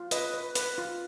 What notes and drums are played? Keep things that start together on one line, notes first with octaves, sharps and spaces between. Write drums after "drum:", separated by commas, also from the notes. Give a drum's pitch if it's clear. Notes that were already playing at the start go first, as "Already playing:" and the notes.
Already playing: F4
B4 D#5, drum: hi-hat
B4
B4, drum: hi-hat
F4